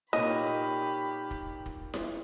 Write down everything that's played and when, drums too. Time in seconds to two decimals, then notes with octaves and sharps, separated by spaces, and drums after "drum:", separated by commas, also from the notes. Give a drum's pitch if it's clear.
0.13 A#2 A#3 D#4 G4 C#5 D#5 B5
1.31 drum: kick
1.66 drum: kick
1.94 drum: snare E4